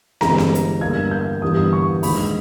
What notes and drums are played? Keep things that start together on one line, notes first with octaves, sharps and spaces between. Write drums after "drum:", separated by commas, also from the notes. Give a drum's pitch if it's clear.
G1 G2 E3 G#3 A#5, drum: snare
drum: snare
drum: hi-hat
G1 G2 G3 A#3 G#6
G6
G1 G2 E3 G3 D#6
D#6
C#6
A#1 G#2 D#3 G#3 B5, drum: open hi-hat